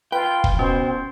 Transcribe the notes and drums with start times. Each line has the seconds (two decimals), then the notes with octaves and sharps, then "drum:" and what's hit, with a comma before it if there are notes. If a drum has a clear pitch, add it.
0.12 F4 B4 G5 G7
0.44 drum: kick
0.59 B2 C#4 C5